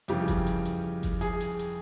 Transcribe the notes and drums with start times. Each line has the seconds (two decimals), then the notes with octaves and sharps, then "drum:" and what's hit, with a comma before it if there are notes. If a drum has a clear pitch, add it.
0.08 F2 C#3 E3 G3 G4, drum: hi-hat
0.28 drum: kick F#1, hi-hat
0.46 drum: hi-hat
0.65 drum: hi-hat
1.03 drum: kick F#1, hi-hat
1.21 G#4, drum: hi-hat
1.40 drum: hi-hat
1.59 drum: hi-hat